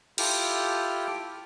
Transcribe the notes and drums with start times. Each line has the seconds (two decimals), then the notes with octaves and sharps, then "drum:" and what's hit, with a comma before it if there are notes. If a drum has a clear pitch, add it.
0.18 E4 F4 G4 A4 G5 F6, drum: cymbal